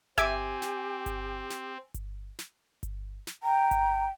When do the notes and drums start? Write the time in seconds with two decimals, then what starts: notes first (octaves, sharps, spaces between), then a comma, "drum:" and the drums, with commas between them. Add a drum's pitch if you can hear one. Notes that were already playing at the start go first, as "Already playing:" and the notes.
0.18 C4 G4 E5 G#5 D6, drum: kick G1, hi-hat
0.62 drum: snare
1.06 drum: kick G1, hi-hat
1.50 drum: snare
1.94 drum: kick G1, hi-hat
2.39 drum: snare
2.83 drum: kick G1, hi-hat
3.27 drum: snare
3.43 G5 A#5
3.71 drum: kick G1, hi-hat